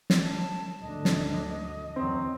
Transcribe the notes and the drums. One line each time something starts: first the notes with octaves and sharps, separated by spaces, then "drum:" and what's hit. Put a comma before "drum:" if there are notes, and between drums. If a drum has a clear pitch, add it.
drum: snare
A5
D2 G#2 D3 D4 D#5
drum: snare
E2 D#3 F#3 C4